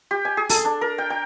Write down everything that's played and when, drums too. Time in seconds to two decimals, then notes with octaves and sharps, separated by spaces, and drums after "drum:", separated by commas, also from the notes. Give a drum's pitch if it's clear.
0.11 G4
0.25 G#5
0.37 G#4
0.49 A4, drum: open hi-hat
0.65 D4
0.81 A#4
0.98 G5
1.10 G5